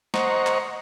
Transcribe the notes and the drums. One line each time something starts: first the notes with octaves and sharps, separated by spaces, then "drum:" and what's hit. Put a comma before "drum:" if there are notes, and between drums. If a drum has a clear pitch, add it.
C5 D#5 F#5 A#5 C#6, drum: snare
drum: clap